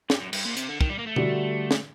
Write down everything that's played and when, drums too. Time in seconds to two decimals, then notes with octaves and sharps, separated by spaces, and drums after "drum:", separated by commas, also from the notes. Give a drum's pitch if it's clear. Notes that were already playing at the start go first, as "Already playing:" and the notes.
0.10 G2, drum: snare
0.21 F#2
0.33 G2, drum: cymbal
0.45 A#2
0.57 C3, drum: hi-hat
0.69 D3
0.81 D#3, drum: kick
0.90 G3
0.99 A#3
1.07 A3
1.16 D3 G3 D4 F#4, drum: tom B2
1.71 drum: snare